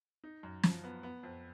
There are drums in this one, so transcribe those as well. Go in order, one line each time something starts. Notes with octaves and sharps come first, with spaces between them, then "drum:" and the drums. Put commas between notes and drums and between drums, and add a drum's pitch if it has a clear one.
D#4
F#2
F3, drum: snare
B3
B3
F2